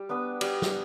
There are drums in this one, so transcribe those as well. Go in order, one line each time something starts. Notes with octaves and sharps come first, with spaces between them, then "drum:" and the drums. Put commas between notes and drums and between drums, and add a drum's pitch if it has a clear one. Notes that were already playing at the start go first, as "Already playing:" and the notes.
Already playing: G3
B3 D4 B4
G3, drum: cymbal
drum: snare